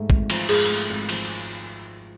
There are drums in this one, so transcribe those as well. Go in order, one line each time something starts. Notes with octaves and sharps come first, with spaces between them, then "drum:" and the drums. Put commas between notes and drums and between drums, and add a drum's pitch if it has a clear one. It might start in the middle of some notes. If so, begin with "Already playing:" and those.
Already playing: G#2 A3
G#1, drum: kick
F3, drum: cymbal
G#2 G#4, drum: cymbal
A3
G#1
F3, drum: cymbal